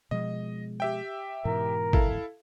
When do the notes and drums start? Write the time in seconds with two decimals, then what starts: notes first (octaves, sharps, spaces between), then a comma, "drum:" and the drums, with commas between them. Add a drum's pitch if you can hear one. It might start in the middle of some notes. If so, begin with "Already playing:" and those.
0.11 B2 F3 G#3 D#5
0.80 G4 E5 G5
1.45 G#2 B2 E3 A#4
1.93 E4 A4 F5, drum: kick G#1